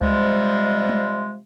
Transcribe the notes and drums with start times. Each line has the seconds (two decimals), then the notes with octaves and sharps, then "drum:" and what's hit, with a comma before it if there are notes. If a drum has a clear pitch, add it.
0.01 C3 F3 G3 G#3, drum: kick C#2
0.89 drum: tom G#3